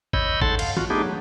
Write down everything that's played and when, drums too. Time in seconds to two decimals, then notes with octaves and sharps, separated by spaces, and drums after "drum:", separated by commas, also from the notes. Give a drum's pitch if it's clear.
0.13 C#5 D#5 B5 E6 G6, drum: kick A1
0.41 G#2 A4 F#5 A5 C6 A6, drum: kick A1
0.59 F5, drum: cymbal
0.77 F4 F#4, drum: tom D#3
0.90 A3 B3 D4 D#4 G4 G#4
1.02 F#3